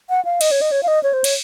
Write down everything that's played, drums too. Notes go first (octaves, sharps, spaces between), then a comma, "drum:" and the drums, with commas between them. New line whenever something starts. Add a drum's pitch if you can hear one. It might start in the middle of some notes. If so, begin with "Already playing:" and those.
F#5
F5
D#5, drum: cymbal
C#5
D#5
C#5
F5
D#5
C#5
C5
C#5, drum: cymbal